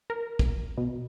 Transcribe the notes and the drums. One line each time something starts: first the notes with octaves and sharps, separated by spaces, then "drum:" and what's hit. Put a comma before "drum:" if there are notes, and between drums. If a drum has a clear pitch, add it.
A#4
drum: kick
B2